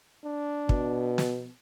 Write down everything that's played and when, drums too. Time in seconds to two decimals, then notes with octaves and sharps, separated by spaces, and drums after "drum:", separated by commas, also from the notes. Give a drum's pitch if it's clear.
0.24 D4
0.69 B2, drum: kick
1.18 drum: snare